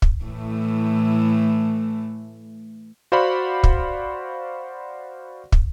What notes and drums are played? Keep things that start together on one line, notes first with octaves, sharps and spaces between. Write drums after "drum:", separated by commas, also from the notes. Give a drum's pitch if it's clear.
drum: kick
A2 E3 A3
F#4 C5 D5 F5 F#5 B5
drum: kick
drum: kick